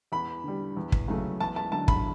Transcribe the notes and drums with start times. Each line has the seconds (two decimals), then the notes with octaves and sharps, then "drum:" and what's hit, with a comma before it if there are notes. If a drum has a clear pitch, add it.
0.12 E2 B5
0.44 D3 G3
0.77 E2
0.92 drum: kick
1.08 C#3 F#3 A3
1.40 E2 A5
1.56 A5
1.72 D3 F#3 A5
1.88 B5, drum: kick